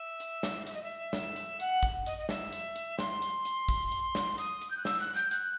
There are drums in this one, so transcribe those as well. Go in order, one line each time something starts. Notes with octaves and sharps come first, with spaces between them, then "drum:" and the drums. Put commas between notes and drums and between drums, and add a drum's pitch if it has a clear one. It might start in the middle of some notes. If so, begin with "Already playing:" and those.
Already playing: E5
drum: hi-hat
drum: snare
E5, drum: hi-hat
D#5
E5
drum: snare
drum: hi-hat
F#5, drum: hi-hat
drum: kick
D#5, drum: hi-hat
D#5
E5, drum: snare
drum: hi-hat
drum: hi-hat
C6, drum: snare
drum: hi-hat
drum: hi-hat
drum: kick, open hi-hat
drum: hi-hat
drum: snare
D#6, drum: hi-hat
drum: hi-hat
G6
F#6
E6, drum: snare
F#6
G6
F#6, drum: hi-hat